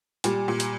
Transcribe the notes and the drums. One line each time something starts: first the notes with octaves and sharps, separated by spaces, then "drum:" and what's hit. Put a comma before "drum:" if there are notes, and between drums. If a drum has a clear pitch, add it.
A#2 G3, drum: hi-hat
A#2
drum: hi-hat